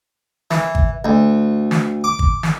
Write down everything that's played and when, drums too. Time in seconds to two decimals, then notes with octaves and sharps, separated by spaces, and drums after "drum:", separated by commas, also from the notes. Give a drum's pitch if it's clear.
0.51 E3, drum: snare
0.75 drum: kick G#1
1.05 D2
1.71 drum: snare
2.04 D6
2.19 drum: kick G#1
2.43 drum: snare